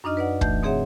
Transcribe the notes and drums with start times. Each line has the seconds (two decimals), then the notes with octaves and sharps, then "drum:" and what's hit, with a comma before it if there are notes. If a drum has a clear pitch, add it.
0.04 F#2 D4 D#4 D#5 F6
0.17 B4 D5 F#5
0.41 E3 A3 G6, drum: kick
0.63 B2 C4 G#4 C#5 E5 F#5